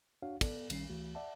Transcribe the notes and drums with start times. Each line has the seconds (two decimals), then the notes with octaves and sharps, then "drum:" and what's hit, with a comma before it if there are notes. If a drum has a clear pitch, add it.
0.22 D4 F#4 C#5 F5 F#5
0.41 B3 A4 D5, drum: kick, cymbal
0.70 A#1 D#3 G3 C#4 C7, drum: cymbal
0.89 C#2 E3 A3 F#4
1.15 D5 E5 F#5 A5